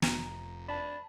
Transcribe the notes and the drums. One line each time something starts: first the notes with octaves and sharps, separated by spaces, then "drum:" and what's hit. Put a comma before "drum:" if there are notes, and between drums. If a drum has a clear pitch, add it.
F1 F2 A#5, drum: snare
D4 A5 B5